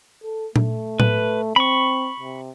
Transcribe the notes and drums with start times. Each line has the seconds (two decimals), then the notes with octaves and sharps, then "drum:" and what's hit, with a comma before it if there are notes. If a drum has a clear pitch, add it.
0.23 A4
0.56 A3, drum: tom A#2
1.00 B4, drum: tom A2
1.56 C4 B5 C#6
2.20 C3